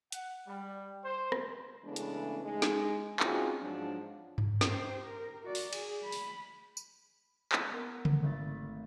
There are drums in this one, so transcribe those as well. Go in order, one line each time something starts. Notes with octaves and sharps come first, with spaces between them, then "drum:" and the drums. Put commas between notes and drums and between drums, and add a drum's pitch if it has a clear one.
F#5, drum: hi-hat
G3
C5
drum: rim click
C#3 E3 G#3 A3 B3 D4
drum: hi-hat
G#3 D#4
drum: snare
C4 C#4 D#4 F4 F#4 G#4, drum: clap
G#2 F3 F#3 G#3 D4
drum: tom G2
G4 C5, drum: snare
A#4
F#4 D5
drum: open hi-hat
G#4, drum: cymbal
B5
drum: open hi-hat
drum: tambourine
drum: clap
B3 A#4
drum: tom C#3
G#1 A3 E5 A6